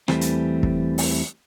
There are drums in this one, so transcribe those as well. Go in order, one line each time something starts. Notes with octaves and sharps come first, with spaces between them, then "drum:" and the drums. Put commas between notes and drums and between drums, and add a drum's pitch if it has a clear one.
E2 E3 G3 A3 C4, drum: rim click
drum: hi-hat
drum: kick
drum: open hi-hat